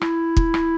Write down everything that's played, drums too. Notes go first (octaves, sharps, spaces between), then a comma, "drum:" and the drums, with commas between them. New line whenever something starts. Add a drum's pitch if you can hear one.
E4, drum: rim click
drum: kick
drum: rim click